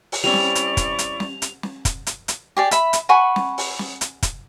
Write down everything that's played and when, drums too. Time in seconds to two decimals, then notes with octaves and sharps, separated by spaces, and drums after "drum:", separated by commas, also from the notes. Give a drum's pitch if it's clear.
0.12 drum: open hi-hat
0.24 G3 C4 C#4 E4 D5 C#6 F7
0.34 drum: snare
0.55 drum: hi-hat
0.77 drum: kick, hi-hat
0.99 drum: hi-hat
1.20 drum: snare
1.42 drum: hi-hat
1.63 drum: snare
1.85 drum: kick, hi-hat
2.07 drum: hi-hat
2.28 drum: hi-hat
2.57 G4 G#4 D5
2.71 E5 B5, drum: hi-hat
2.93 drum: hi-hat
3.09 F#5 G#5 B5 C#6
3.36 drum: snare
3.58 drum: open hi-hat
3.79 drum: snare
4.01 drum: hi-hat
4.23 drum: kick, hi-hat